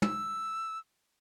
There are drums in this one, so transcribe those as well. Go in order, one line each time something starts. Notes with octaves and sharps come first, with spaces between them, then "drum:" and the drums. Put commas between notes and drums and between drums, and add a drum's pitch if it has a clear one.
E6, drum: tom